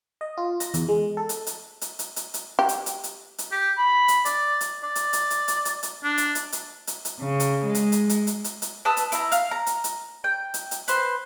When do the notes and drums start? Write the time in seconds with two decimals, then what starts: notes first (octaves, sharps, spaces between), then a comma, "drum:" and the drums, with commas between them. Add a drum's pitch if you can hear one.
0.21 D#5
0.37 F4
0.60 A#6, drum: hi-hat
0.74 E2, drum: hi-hat
0.88 G#3
1.17 A4
1.29 drum: hi-hat
1.47 drum: hi-hat
1.81 drum: hi-hat
1.99 drum: hi-hat
2.16 drum: hi-hat
2.34 drum: hi-hat
2.59 G4
2.69 drum: hi-hat
2.86 drum: hi-hat
3.04 drum: hi-hat
3.38 drum: hi-hat
3.52 G4
3.78 B5
4.08 drum: hi-hat
4.25 D5, drum: hi-hat
4.61 drum: hi-hat
4.83 D5
4.95 drum: hi-hat
5.13 drum: hi-hat
5.30 drum: hi-hat
5.48 drum: hi-hat
5.65 drum: hi-hat
5.83 drum: hi-hat
6.03 D4
6.18 drum: hi-hat
6.35 drum: hi-hat
6.52 drum: hi-hat
6.87 drum: hi-hat
7.05 drum: hi-hat
7.20 C#3
7.40 drum: hi-hat
7.65 G#3
7.75 drum: hi-hat
7.92 drum: hi-hat
8.09 drum: hi-hat
8.27 drum: hi-hat
8.44 drum: hi-hat
8.62 drum: hi-hat
8.85 B4 A5 D#6 E6
8.97 drum: hi-hat
9.12 E4 A#5, drum: hi-hat
9.32 F5, drum: hi-hat
9.51 A#5
9.67 drum: hi-hat
9.84 drum: hi-hat
10.24 G5
10.54 drum: hi-hat
10.71 drum: hi-hat
10.88 B4 C5, drum: hi-hat